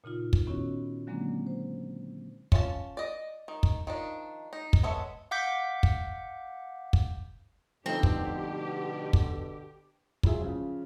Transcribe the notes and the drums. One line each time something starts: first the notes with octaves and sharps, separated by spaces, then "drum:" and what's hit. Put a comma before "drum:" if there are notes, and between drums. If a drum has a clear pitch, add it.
A#2 C#3 D#4 F4
drum: kick
D#3 B3 C#4 E4 F#4 C#5
D3 F#3 G#3 A#3 C4 D4
C5
C#4 F4 A5, drum: kick
D5 D#5
D#3
drum: kick
D#3 F3 D4
D#4
drum: kick
G#3 B3 A4 C#5 E5
F5 F#5 D6 G6 B6
drum: kick
drum: kick
B2 D3 F3 A3 C4 D#4 G4
drum: kick
drum: kick
F#3 G#3 E4 F4 G#4 E5, drum: kick
C#3 F3